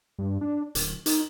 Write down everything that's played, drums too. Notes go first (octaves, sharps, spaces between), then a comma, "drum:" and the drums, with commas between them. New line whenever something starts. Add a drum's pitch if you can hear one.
G2
D4
D1, drum: hi-hat
D#4, drum: hi-hat